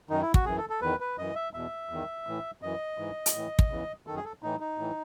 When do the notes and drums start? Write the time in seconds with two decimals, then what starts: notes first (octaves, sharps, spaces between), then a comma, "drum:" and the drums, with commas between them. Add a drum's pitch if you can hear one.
0.09 F#2 D#3 D#4
0.21 E4
0.34 F#4, drum: kick
0.46 F#2 E3 G#4
0.58 A4
0.69 A4
0.81 E2 D#3 B4
1.00 B4
1.18 F#2 E3 D#5
1.35 E5
1.53 E2 B2 E5
1.89 E2 D#3
2.27 A2 E3
2.62 F#2 E3 D#5
2.98 G#2 E3
3.26 drum: hi-hat
3.35 A2 E3
3.59 drum: kick
3.70 E2 C#3 E3
4.07 F#2 D#3 A4
4.16 G#4
4.24 A4
4.43 A2 E3 D#4
4.60 D#4
4.78 A2 E3